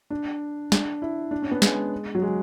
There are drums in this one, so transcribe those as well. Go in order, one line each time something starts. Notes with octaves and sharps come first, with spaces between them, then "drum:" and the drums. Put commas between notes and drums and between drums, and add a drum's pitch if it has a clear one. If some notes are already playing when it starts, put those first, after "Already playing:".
D4
D4, drum: snare
E4
D4
C#4
B3
G#3, drum: snare
F#3
G#3